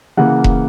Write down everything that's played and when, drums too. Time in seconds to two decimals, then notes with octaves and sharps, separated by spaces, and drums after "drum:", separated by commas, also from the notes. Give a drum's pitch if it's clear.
0.17 C#3 E3 A#3 F#5
0.44 drum: kick E1